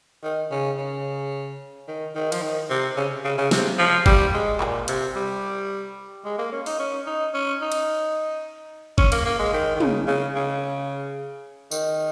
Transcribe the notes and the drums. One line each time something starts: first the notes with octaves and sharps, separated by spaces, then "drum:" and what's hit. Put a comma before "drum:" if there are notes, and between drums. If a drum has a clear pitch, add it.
D#3
C#3
C#3
D#3
D#3
F3, drum: cymbal
D#3
C3
C#3
C#3
C#3
C3, drum: snare
F3
G3, drum: kick G1
G#3
A#2, drum: clap
C3, drum: hi-hat
G3
G#3
A#3
C#4
D#4, drum: open hi-hat
C#4
D#4
C#4
D#4
drum: cymbal
C#4, drum: kick G1
A#3, drum: cymbal
A#3
G#3
D#3
D#3
C#3, drum: tom
C#3
C#3
D#3, drum: tambourine